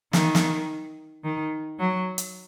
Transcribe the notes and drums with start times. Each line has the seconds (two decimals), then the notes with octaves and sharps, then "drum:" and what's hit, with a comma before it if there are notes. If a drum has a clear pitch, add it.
0.13 D#3, drum: snare
0.35 drum: snare
1.24 D#3
1.79 F#3
2.18 drum: hi-hat